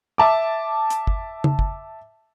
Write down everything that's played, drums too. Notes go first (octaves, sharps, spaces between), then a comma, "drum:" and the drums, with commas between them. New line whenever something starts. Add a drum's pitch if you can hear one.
E5 A5 D6
drum: hi-hat
drum: kick
drum: tom C#3
drum: kick